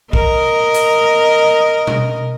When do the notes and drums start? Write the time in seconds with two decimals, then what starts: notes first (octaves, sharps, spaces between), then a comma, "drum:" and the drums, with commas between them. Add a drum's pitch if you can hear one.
0.13 A#4 D#5, drum: kick
0.74 drum: hi-hat
1.87 drum: tom B2